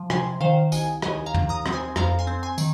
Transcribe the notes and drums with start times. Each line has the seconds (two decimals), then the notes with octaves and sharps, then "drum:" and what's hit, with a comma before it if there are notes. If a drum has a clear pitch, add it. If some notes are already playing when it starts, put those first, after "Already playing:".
Already playing: F3
0.10 C3 G#5 C6, drum: rim click
0.41 D#3 C5 F5
0.72 C2 D#5 G#5, drum: tambourine
1.02 D#2 D#5 G#5, drum: rim click
1.26 F5 A#5
1.34 D#2, drum: tom
1.49 A#5 D#6
1.66 C4, drum: rim click
1.73 G#5 C6
1.96 F2 F5 A#5, drum: rim click
2.19 G#5 C6
2.27 C4
2.43 G#5 C6
2.58 D#3, drum: tambourine